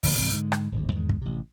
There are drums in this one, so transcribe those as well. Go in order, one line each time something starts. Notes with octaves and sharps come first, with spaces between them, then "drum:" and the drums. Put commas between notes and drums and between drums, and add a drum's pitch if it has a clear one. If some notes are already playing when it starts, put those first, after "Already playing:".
D1 D3 F3 A#3, drum: open hi-hat
C2 G#2 E3 C4
G#2 D3 G#3
drum: rim click
D1 G#1 D2
E2 G#2 D#3 G#3
drum: kick
A1 C3